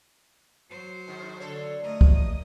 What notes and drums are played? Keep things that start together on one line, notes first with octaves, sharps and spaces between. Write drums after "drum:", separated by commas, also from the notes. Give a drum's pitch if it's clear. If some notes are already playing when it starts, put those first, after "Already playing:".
F#3 C5
G#2 D#3
D3 D4 A4 C#5
A3 A#4 D#5
drum: kick